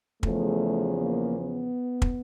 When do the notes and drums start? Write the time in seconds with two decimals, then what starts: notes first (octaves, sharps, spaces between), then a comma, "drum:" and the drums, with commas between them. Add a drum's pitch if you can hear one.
0.23 E2 C#3 F3 A3, drum: kick
1.00 A#3
1.38 B3
2.02 drum: kick